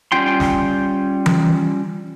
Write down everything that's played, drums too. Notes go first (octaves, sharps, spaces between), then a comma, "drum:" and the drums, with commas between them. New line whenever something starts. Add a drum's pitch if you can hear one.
G3 C#4 F4 G5 C6
drum: snare
drum: tom E3